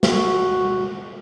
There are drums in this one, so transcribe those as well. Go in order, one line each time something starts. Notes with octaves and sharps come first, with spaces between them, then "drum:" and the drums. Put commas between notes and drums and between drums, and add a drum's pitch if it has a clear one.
F#4, drum: snare